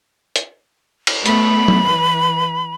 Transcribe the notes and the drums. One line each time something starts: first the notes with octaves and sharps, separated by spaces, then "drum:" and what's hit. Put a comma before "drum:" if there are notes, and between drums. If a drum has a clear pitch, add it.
drum: hi-hat
drum: cymbal
A3 B3 B5, drum: hi-hat
drum: tom F#3
E3 B4